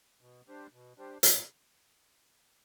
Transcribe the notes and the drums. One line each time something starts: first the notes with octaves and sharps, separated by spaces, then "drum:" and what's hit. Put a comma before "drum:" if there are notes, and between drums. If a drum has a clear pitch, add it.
B2
G3 D4 G4 C5
B2
G3 D4 G4 C5
F3, drum: hi-hat